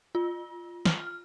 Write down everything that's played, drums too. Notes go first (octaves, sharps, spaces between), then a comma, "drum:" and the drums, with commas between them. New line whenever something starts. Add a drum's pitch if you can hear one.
F4
F6, drum: snare